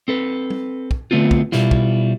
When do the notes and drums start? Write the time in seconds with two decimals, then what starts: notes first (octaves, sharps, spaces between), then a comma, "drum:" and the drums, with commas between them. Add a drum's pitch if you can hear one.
0.08 C4 A4 B4
0.50 drum: tom
0.91 drum: kick
1.11 D3 A3 B3 C4 F4
1.31 drum: kick
1.52 B2 G3 E4 F4, drum: snare
1.71 drum: kick